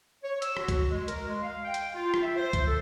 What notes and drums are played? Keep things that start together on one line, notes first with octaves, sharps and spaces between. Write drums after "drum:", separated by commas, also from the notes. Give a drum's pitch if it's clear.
C#5
E6, drum: hi-hat
F#4, drum: rim click
drum: kick C#2, hi-hat
G#3
A#4, drum: hi-hat
G#3
F5
G5
drum: hi-hat
F4
drum: rim click
E5
C5
drum: kick C#2, hi-hat
A4